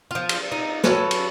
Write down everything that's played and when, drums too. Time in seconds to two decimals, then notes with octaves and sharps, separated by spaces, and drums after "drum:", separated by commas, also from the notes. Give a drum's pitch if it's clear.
0.11 F3 F4
0.29 drum: cymbal
0.52 D#4
0.84 F#3 C#4 A4 B4, drum: snare
1.11 drum: cymbal